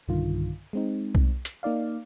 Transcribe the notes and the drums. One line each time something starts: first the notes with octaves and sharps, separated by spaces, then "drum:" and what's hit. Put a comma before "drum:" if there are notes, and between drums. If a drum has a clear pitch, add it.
B1 G2 D3 D#3 F4
G#3 C4 D#4
drum: kick B1
drum: hi-hat
A#3 D#4 D5 F5